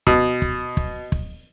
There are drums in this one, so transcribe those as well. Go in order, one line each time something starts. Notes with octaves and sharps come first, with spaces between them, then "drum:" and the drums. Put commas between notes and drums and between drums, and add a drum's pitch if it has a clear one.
B2, drum: kick
drum: kick
drum: kick
drum: kick